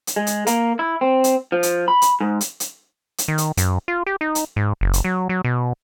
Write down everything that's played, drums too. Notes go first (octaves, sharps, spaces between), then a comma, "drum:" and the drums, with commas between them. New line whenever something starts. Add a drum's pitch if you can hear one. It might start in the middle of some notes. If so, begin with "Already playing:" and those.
drum: hi-hat
G#3
drum: hi-hat
A#3, drum: hi-hat
E4
C4
drum: hi-hat
F3
drum: hi-hat
B5
drum: hi-hat
G#2
drum: hi-hat
drum: hi-hat
drum: hi-hat
D#3
drum: hi-hat
F#2, drum: hi-hat
F4
G4
D#4
drum: hi-hat
G#2
F#1
drum: hi-hat
F#3
F#3
B2